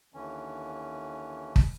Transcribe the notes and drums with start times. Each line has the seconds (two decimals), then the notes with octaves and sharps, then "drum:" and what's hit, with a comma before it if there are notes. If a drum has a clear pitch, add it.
0.14 D#2 D3 E3 C#4
1.56 drum: kick